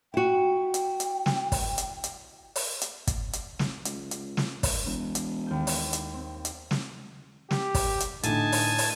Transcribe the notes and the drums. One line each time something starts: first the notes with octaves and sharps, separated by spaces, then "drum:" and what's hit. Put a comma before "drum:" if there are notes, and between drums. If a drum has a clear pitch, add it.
E4 F#4 G5
drum: hi-hat
drum: hi-hat
drum: snare
drum: kick, open hi-hat
drum: hi-hat
drum: hi-hat
drum: open hi-hat
drum: hi-hat
drum: kick, hi-hat
drum: hi-hat
drum: snare
C#2, drum: hi-hat
drum: hi-hat
drum: snare
drum: kick, open hi-hat
E1
drum: hi-hat
D#2 G6
drum: open hi-hat
drum: hi-hat
C4
drum: hi-hat
drum: snare
G4, drum: snare
drum: kick, open hi-hat
drum: hi-hat
A2 D3 D#4 G#5 A5, drum: hi-hat
drum: open hi-hat
drum: open hi-hat